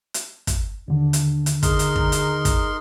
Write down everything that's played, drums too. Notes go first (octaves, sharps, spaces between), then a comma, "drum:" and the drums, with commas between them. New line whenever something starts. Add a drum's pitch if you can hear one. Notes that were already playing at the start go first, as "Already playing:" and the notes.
drum: hi-hat
drum: kick, hi-hat
D#2 D3 D4
drum: hi-hat
drum: hi-hat
D#4 G#4 A#4 C6, drum: kick, hi-hat
drum: hi-hat
drum: kick
drum: hi-hat
drum: kick, hi-hat